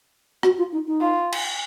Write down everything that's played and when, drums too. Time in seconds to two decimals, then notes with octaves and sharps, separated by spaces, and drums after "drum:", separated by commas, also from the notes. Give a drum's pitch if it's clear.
0.43 F#4, drum: rim click
0.58 F4
0.72 D#4
0.87 D#4
1.01 F4
1.32 drum: cymbal